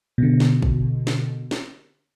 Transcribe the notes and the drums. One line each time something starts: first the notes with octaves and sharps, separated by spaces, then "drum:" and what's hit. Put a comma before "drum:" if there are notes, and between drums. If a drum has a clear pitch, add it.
B2 D3
drum: snare
drum: kick
drum: snare
drum: snare